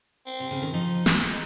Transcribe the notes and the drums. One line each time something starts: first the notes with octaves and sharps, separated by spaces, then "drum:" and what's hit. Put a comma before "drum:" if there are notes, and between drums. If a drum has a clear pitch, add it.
C4
C3
C#3
D#3
F3 D#4
G#3, drum: snare